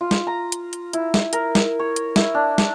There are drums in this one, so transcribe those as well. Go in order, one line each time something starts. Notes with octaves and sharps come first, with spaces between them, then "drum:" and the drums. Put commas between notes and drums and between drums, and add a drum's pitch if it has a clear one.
F4
drum: snare
A#5
drum: hi-hat
drum: hi-hat
E4, drum: hi-hat
drum: snare
A#4, drum: hi-hat
drum: snare
C#5
drum: hi-hat
E4, drum: snare
D4
drum: snare